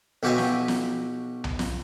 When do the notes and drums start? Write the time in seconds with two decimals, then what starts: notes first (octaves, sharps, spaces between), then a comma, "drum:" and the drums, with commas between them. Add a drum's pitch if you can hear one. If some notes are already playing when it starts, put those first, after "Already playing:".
0.23 B1 F#4 G4 E5 F5 G#5
0.38 drum: snare
0.68 drum: snare
1.44 drum: tom B1
1.59 drum: snare